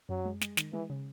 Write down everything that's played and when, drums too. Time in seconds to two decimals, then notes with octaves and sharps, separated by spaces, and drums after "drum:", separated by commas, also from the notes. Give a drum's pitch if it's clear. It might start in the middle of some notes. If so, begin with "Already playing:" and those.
0.09 F#2 F#3
0.25 G#3
0.41 G#3, drum: snare
0.57 D#3, drum: snare
0.73 E3 G#3
0.90 C#3